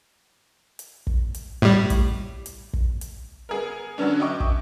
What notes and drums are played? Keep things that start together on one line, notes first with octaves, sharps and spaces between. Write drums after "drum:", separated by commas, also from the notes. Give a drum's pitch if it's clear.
drum: hi-hat
drum: kick
drum: hi-hat
A2 G3
drum: kick, hi-hat
drum: hi-hat
drum: kick
drum: hi-hat
B3 G#4 A#4
D3 F#3 B3 C#4 D4
F#4 D#5 E5 G5 C#6 D6
drum: kick